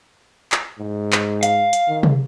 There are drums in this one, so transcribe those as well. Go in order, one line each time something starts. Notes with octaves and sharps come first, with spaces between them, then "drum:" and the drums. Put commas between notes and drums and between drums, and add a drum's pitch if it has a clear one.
drum: clap
G#2
drum: clap
F5, drum: hi-hat
drum: hi-hat
D#3
drum: tom C3